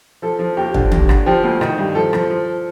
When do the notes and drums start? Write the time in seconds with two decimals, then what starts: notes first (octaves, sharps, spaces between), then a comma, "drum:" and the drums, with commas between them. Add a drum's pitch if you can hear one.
0.22 F3 A4
0.39 F3
0.57 D#2 G4
0.74 D3, drum: kick
0.92 D#2, drum: tom
1.09 D3, drum: rim click
1.26 F3 G4
1.44 D2
1.61 D#3, drum: rim click
1.78 G2
1.95 F3 A4
2.13 F3, drum: rim click
2.30 F3